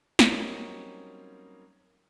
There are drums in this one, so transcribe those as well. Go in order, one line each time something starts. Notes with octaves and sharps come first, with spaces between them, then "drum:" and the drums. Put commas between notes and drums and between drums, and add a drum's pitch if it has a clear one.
F#3 G3 A#3 C4 C#4 D#4, drum: snare